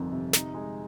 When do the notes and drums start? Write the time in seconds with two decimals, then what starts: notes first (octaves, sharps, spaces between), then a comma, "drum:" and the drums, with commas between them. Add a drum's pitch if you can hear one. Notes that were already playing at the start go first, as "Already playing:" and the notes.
Already playing: G1 F2 D#3 C4
0.12 C3
0.33 D#4, drum: snare
0.54 G#3